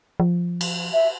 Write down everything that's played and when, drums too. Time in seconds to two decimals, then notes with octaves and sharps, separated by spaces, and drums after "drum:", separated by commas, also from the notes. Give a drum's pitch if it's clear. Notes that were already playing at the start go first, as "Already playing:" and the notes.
0.20 F3
0.61 drum: cymbal
0.93 E5